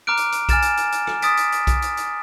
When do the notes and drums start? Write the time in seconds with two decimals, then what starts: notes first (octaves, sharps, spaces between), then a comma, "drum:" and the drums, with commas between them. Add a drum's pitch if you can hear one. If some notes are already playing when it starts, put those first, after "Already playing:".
0.07 A#5 D6 F6 F#6 D7
0.17 drum: hi-hat
0.32 drum: hi-hat
0.49 G#5 F6 A6 E7, drum: kick B1, hi-hat
0.62 drum: hi-hat
0.77 drum: hi-hat
0.92 drum: hi-hat
1.07 drum: rim click
1.22 D#6 A6 B6 D7, drum: hi-hat
1.37 drum: hi-hat
1.52 drum: hi-hat
1.67 drum: kick B1, hi-hat
1.82 drum: hi-hat
1.97 drum: hi-hat